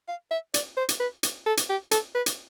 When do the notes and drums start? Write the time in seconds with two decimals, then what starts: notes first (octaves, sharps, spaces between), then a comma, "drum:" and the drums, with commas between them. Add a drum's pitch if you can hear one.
0.08 F5
0.31 E5
0.54 D5, drum: hi-hat
0.77 C5
0.89 drum: hi-hat
1.00 B4
1.23 drum: hi-hat
1.46 A4
1.57 drum: hi-hat
1.69 G4
1.91 A4, drum: hi-hat
2.15 B4
2.26 drum: hi-hat